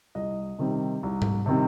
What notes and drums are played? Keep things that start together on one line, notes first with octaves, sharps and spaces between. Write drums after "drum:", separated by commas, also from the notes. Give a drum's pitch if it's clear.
C2 D#5
C3 D#3 G3 C4
C2
drum: tom G#2
C3 D#3 G3 C4